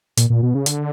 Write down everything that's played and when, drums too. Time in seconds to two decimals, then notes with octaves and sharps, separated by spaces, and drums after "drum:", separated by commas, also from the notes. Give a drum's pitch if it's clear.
0.17 A#2, drum: hi-hat
0.30 A#2
0.43 B2
0.55 C#3
0.66 D3, drum: hi-hat